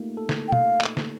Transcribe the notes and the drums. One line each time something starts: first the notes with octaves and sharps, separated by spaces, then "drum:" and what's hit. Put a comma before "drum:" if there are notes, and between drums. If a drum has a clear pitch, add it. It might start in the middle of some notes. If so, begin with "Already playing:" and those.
Already playing: A3 A#3 D#4 F4 G4
A4
drum: snare
G5
F5, drum: tom
drum: clap
drum: snare